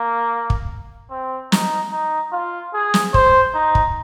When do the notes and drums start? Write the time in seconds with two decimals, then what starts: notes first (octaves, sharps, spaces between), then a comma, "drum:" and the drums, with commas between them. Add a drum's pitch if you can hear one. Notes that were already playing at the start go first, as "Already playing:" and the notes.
Already playing: A#3
0.50 drum: kick
1.10 C4
1.52 D#4, drum: snare
1.92 D#4
2.32 F4
2.74 G#4
2.94 drum: snare
3.14 C5, drum: kick
3.55 D#4
3.75 drum: kick